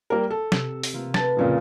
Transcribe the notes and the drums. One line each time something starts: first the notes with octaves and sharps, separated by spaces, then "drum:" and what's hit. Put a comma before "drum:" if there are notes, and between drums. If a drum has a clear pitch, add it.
G3 A#3 A#4
A4
C3 E6, drum: snare
drum: open hi-hat
A3 A#3 F4
B4 A5 A6, drum: snare
F2 A#2 C#3